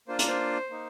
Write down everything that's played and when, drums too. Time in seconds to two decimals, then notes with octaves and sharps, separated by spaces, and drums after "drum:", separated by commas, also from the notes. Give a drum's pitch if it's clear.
0.08 A#3 D4 F4 C5
0.19 A#4, drum: hi-hat
0.28 C5
0.70 A#3 D#4